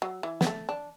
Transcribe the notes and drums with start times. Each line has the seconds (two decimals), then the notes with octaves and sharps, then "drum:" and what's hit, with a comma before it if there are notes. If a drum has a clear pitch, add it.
0.02 F#3
0.23 E3
0.41 B3, drum: snare
0.47 A3
0.69 D4